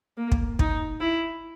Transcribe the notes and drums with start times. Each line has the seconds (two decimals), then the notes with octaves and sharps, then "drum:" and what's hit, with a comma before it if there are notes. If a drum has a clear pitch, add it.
0.17 A#3
0.32 drum: kick
0.59 D#4, drum: kick
1.01 E4